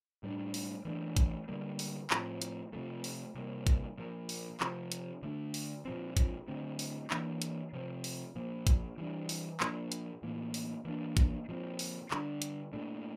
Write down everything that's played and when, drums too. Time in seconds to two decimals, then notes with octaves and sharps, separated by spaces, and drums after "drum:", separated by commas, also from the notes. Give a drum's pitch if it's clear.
0.23 A2 G3 A#3 D4
0.54 drum: open hi-hat
0.85 E3 A3 D4
1.17 drum: kick G#1, hi-hat
1.48 D3 G3 A#3
1.79 drum: open hi-hat
2.10 A2 F3 C4, drum: clap
2.42 drum: hi-hat
2.73 C3 F3 A3
3.04 drum: open hi-hat
3.35 C3 G3 A#3
3.67 drum: kick G#1, hi-hat
3.98 A#2 F3 A#3
4.29 drum: open hi-hat
4.60 C3 F3 C4, drum: clap
4.92 drum: hi-hat
5.23 D3 A3 D4
5.54 drum: open hi-hat
5.85 A#2 F3 C4
6.17 drum: kick G#1, hi-hat
6.48 D3 A3 C4
6.79 drum: open hi-hat
7.10 E3 A#3 D4, drum: clap
7.42 drum: hi-hat
7.73 C3 F3 C4
8.04 drum: open hi-hat
8.35 A#2 F3 A#3
8.67 drum: kick G#1, hi-hat
8.98 E3 G3 D4
9.29 drum: open hi-hat
9.60 A#2 F3 A#3 D4, drum: clap
9.92 drum: hi-hat
10.22 A2 E3 A#3
10.54 drum: open hi-hat
10.85 E3 A#3 D4
11.17 drum: kick G#1, hi-hat
11.48 A#2 F3 C4
11.79 drum: open hi-hat
12.11 D3 G3 D4, drum: clap
12.42 drum: hi-hat
12.73 A#2 A3 D4